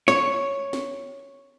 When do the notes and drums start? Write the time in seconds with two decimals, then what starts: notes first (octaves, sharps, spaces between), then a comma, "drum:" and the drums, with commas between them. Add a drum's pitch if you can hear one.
0.08 C#5, drum: snare
0.73 drum: snare